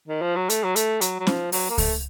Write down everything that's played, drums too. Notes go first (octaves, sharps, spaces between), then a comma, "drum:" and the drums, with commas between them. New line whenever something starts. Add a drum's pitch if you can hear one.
D#3
F3
F#3
A3, drum: hi-hat
F#3
A3, drum: hi-hat
F#3, drum: hi-hat
F#3
F3, drum: snare
F#3, drum: open hi-hat
A#3
A3, drum: kick C#2, open hi-hat